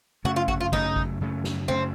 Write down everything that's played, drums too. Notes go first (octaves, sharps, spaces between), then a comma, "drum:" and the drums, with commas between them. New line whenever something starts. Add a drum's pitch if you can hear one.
F#2 C#3 A3 C#4 F#4
F4
F#4, drum: kick G#1
F4
F#2 C#3 A3 C#4 D#4, drum: kick G#1
drum: kick G#1
F#2 C#3 A3 C#4
drum: snare
F#2 C#3 A3 C4 C#4